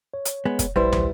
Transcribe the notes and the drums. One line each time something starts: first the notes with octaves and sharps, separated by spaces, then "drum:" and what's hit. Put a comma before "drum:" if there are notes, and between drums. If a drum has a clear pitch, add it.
C#5
drum: hi-hat
G#3 B3
drum: kick, hi-hat
A#1 G3 E4 B4 C5 C6
drum: tom